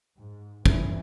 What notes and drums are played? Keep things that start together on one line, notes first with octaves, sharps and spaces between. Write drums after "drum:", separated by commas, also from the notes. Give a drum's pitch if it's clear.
G#2
G2 A#2 E3, drum: kick